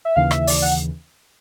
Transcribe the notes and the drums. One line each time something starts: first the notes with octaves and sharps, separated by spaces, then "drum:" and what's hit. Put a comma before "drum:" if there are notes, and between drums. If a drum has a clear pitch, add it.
E5
D#2 C#3 E3 F5
E5, drum: rim click
D5, drum: open hi-hat
F#5